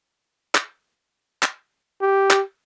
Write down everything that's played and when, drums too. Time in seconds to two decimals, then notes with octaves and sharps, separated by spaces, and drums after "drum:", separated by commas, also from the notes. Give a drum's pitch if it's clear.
0.55 drum: clap
1.43 drum: clap
2.01 G4
2.31 drum: clap